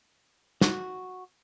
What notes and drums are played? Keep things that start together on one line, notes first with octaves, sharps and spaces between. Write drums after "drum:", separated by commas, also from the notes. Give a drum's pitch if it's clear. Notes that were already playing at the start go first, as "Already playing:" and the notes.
F#4, drum: snare